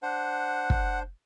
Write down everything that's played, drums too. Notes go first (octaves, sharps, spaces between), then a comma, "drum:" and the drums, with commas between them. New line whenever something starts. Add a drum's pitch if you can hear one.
D4 C5 F#5
drum: kick